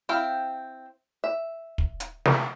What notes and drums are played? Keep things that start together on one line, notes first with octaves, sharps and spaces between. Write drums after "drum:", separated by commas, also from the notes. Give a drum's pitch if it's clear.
C4 E4 F5 G5
E5
drum: kick
drum: hi-hat
drum: snare